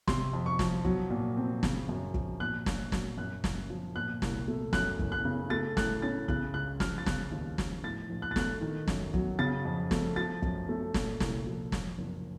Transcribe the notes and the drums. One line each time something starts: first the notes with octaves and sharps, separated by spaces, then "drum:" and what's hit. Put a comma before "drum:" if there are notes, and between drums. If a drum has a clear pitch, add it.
C3 C6, drum: snare
F2
C#6
F3, drum: snare
F#3, drum: kick
A#2
C4
C#3, drum: snare
F#2
F3, drum: kick
A#2 F#6
A#1, drum: snare
F#3, drum: snare
F#2 F#6
F#1, drum: snare
F3
A#2 F#6
C2, drum: snare
A3
F#2 F#6, drum: snare
F#1, drum: kick
F#6
C#3
A3 A6
A2 F#6, drum: snare
C#4 A6
C#3 F#6, drum: kick
C#2 F#6
F3 F6, drum: snare
A6
C#3 F#6, drum: snare
D#2
F3, drum: snare
A2 A6
A#1
F#6
A6
A3 F#6, drum: snare
D#3
F#2, drum: snare
F#3, drum: kick
C#3 A6
F2
A3, drum: snare
F3 A6
F#2, drum: kick
A3
A#2, drum: snare
C2, drum: snare
F3
F2, drum: snare
F#1